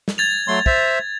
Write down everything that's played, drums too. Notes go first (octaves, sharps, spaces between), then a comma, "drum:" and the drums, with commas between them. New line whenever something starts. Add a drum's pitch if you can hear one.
drum: snare
G#6 A6 F7
F#3 A3 C6
C5 E5, drum: kick